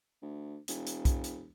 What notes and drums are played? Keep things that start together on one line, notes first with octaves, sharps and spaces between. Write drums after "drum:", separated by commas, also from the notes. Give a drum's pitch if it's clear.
D2
E1, drum: hi-hat
drum: hi-hat
drum: kick B1, hi-hat
drum: hi-hat